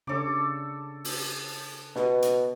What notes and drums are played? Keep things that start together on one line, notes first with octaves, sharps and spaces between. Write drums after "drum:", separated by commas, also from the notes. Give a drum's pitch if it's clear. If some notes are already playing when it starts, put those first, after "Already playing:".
C#3 D4 A4 C#5 D6
drum: open hi-hat
B2, drum: snare
drum: hi-hat